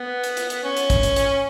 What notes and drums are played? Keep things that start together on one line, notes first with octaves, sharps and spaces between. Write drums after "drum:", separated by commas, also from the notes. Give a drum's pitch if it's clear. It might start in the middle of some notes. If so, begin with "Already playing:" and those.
Already playing: B3
drum: hi-hat
drum: hi-hat
drum: hi-hat
C#4
drum: hi-hat
drum: kick, hi-hat
drum: hi-hat
drum: hi-hat